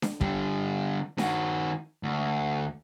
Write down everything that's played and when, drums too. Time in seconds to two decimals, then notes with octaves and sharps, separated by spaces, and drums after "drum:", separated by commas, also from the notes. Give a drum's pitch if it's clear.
0.02 drum: snare D4
0.21 D3 G3, drum: kick
1.18 D#3 F#4, drum: snare D4
2.03 D2